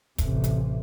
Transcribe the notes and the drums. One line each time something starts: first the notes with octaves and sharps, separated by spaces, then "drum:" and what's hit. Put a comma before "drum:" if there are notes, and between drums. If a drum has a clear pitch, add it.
A1 C3, drum: kick, hi-hat
drum: hi-hat